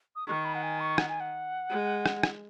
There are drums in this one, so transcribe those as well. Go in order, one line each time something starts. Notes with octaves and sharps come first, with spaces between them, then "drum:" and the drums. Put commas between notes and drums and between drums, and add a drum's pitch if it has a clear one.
D#6
D#3 C#6
B5
F#5
G#5
C#6
F#5, drum: rim click
G#5
F#5
G#3
drum: rim click
drum: rim click